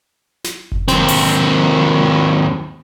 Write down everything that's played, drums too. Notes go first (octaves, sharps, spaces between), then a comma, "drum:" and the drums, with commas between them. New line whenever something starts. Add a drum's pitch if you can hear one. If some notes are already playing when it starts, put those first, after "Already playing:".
drum: snare
drum: kick F#1
D#2 C4, drum: snare
drum: open hi-hat